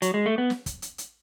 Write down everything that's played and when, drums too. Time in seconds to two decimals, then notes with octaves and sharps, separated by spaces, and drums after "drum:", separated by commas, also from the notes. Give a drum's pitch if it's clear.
0.02 F#3, drum: hi-hat
0.14 G#3
0.26 A3
0.38 B3
0.50 drum: snare
0.66 drum: kick, hi-hat
0.82 drum: hi-hat
0.98 drum: hi-hat